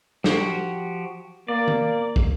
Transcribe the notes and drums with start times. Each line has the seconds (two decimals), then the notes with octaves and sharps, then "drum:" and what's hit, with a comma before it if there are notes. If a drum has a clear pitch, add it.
0.24 F3 F#4 G4, drum: snare
1.48 A#3 D5
1.68 drum: tom D#3
2.16 drum: kick